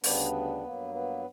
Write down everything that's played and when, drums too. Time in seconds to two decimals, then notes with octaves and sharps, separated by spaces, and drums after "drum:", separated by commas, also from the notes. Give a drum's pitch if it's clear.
0.04 D2 C#3 G3 B3 D4 B4, drum: open hi-hat
0.64 G2 F#3 A#3
0.94 B3 B4